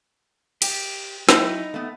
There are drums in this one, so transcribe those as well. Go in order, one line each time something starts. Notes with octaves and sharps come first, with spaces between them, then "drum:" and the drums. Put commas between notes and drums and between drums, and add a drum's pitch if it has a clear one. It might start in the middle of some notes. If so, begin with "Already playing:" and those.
G4, drum: cymbal
F#3 D#4 E4 G5, drum: snare
A3 B3